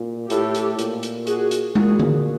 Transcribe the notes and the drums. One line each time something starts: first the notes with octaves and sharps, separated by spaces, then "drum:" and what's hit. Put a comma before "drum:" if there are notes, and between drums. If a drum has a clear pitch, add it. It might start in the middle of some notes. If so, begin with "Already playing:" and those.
Already playing: A#2
A2 G4 A4, drum: hi-hat
drum: hi-hat
A#2, drum: hi-hat
drum: hi-hat
F#4 G#4, drum: hi-hat
drum: hi-hat
A#2 F#4 G#4, drum: tom G#3
drum: tom D3